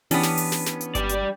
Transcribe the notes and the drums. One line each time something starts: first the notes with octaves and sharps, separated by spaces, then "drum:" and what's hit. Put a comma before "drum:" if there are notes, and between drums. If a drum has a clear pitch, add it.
E3 B3 C#4 D4 G4 B4, drum: open hi-hat
drum: snare
drum: open hi-hat
drum: snare
drum: snare
drum: hi-hat
G3 D5, drum: kick G1, hi-hat
drum: hi-hat